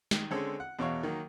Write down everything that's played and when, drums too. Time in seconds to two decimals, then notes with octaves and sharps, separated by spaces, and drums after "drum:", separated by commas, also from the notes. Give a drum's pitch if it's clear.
0.11 D#3, drum: snare
0.31 D3 G#3 C4 C#4 G#4 A4
0.60 F#5
0.79 E2 B2 C#5 F5 C#6
1.03 D#3 F#3 A#3